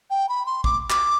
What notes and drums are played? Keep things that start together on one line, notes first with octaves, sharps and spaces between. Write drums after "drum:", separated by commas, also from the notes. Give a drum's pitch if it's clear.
G5
B5
C6
D6, drum: kick
D6, drum: clap